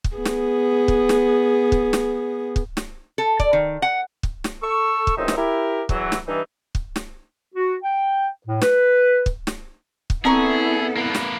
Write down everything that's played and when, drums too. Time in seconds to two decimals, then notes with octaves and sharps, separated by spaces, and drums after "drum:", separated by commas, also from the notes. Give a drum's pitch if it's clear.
0.04 drum: kick
0.16 B3 G#4
0.25 drum: snare
0.88 drum: kick
1.09 drum: snare
1.72 drum: kick
1.93 drum: snare
2.56 drum: kick
2.77 drum: snare
3.18 A4
3.40 D5, drum: kick
3.53 D#3
3.82 F#5
4.23 drum: kick
4.44 drum: snare
4.62 A4 C#6 E6
5.07 drum: kick
5.17 C#2 F#2 A2 C4 D#4 E5
5.28 drum: snare
5.38 E4 G4 A#4
5.89 E2 E3 F#3, drum: kick
6.12 drum: snare
6.28 G2 E3 D#4
6.75 drum: kick
6.96 drum: snare
7.55 F#4
7.83 G5
8.47 A2
8.61 B4, drum: snare
9.26 drum: kick
9.47 drum: snare
10.10 drum: kick
10.25 D3 B3 C4 E4 G#4 A4 A#5 C#6
10.97 A#3 B4
11.14 drum: snare